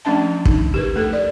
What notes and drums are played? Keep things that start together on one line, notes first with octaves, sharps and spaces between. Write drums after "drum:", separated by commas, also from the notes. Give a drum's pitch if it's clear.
F3 A3 C#4 D4 E5 A5
D#4, drum: kick
G4 A#4 B4
A3 A4 A#4
D5